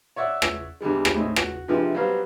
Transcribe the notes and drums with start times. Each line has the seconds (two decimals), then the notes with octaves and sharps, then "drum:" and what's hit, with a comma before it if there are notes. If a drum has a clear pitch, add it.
0.16 C#5 D5 E5 F#5
0.42 drum: rim click
0.81 E2 D3 G3 G#3
1.05 drum: rim click
1.15 A2 C4 C#4 D#4
1.36 F#4, drum: rim click
1.68 G2 C3 E3 F3 G#3
1.95 F#3 G3 B3 F#4 C5 F5